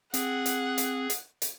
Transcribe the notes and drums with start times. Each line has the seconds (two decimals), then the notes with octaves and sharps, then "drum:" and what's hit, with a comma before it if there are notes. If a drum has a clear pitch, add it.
0.14 C4 G#4 F#5, drum: hi-hat
0.46 drum: hi-hat
0.78 drum: hi-hat
1.10 drum: hi-hat
1.42 drum: hi-hat